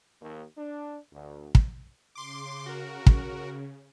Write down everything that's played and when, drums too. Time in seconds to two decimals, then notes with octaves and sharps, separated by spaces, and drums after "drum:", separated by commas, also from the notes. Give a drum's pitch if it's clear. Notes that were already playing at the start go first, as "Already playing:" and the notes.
0.22 D#2
0.57 D4
1.12 D2
1.55 drum: kick
2.15 C#3 C6 D6
2.66 F#4 A#4
3.07 drum: kick